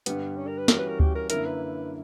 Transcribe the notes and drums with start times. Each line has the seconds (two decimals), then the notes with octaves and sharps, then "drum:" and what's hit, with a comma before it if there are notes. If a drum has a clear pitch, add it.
0.06 G2 D3 G3 B3, drum: hi-hat
0.37 C#4
0.47 A#4
0.58 B4
0.68 E3 G3 C#4 F#4 A#4, drum: snare
0.79 B4
0.89 A#4
1.00 G4, drum: kick D2
1.15 A#4
1.30 F#2 D3 A#3 E4 A#4, drum: hi-hat
1.46 B4